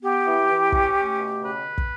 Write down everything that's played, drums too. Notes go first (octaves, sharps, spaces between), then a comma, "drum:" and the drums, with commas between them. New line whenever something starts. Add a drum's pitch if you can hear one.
B3 G4
E3
E3
C#4, drum: kick
A3
B2
C#3 B4
C#3
drum: kick